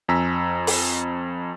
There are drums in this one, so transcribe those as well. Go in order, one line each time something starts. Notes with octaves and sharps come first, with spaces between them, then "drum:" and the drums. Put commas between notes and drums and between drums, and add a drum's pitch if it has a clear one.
F2 G#5 A#5 E6 B6
drum: open hi-hat